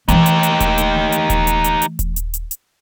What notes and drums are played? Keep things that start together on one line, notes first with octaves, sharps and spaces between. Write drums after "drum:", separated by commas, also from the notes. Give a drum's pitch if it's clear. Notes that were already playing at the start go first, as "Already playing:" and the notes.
E3 A3 D#4 G4, drum: hi-hat
drum: hi-hat
drum: hi-hat
drum: kick D#1, hi-hat
drum: hi-hat
drum: hi-hat
drum: kick D#1, hi-hat
drum: hi-hat
drum: hi-hat
drum: hi-hat
drum: kick D#1, hi-hat
drum: hi-hat
drum: hi-hat
drum: hi-hat